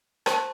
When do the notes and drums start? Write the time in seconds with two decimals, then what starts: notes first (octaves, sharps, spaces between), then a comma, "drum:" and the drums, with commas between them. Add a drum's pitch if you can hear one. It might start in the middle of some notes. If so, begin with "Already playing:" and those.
0.26 G4 C5 A5 C6, drum: rim click